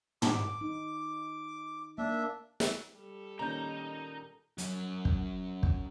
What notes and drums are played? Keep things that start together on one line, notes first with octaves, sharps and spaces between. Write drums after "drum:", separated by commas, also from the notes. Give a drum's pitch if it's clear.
D6, drum: tom
D#4
A#3 D4 E5
drum: snare
G3 A4
A#2 D#3 C#4 D#4 A#5 G6
F#2 F#3, drum: hi-hat
drum: kick
drum: kick